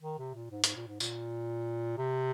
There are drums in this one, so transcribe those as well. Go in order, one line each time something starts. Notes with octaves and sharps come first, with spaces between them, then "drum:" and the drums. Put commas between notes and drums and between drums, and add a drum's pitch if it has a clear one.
D#3
C3
A#2
G#2
G#2, drum: hi-hat
A#2
G#2
A#2, drum: tambourine
C3